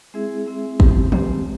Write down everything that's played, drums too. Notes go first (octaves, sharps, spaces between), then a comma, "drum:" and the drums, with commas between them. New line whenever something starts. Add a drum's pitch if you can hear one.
G#3 C4 E4 G#4 E5
G#3 C4 E4 G#4 E5
G#3 C4 G4, drum: kick
G#3 C4 G4, drum: tom D#3